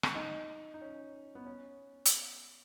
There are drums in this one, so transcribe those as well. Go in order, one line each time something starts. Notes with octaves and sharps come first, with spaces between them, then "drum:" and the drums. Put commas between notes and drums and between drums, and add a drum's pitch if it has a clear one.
drum: rim click
D#4
D#4
C#4
B3
C#4
drum: hi-hat